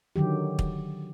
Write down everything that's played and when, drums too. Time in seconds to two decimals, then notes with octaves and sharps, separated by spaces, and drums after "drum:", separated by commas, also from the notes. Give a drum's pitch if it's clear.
0.16 D3 D#3 F#3 G4
0.59 drum: kick